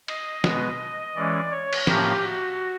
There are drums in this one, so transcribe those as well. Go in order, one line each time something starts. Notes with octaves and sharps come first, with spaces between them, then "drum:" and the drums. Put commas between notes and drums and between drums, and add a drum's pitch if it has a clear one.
D#5, drum: cymbal
B2 G#3 B3, drum: snare
E3 G#3 C#4 D5
C#5
drum: cymbal
A2 F3 A#3 C#4 G4, drum: snare
F#4